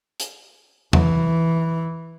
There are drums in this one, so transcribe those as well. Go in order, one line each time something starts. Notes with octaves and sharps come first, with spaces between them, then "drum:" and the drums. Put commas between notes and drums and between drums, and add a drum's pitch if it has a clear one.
drum: hi-hat
E3, drum: tom E2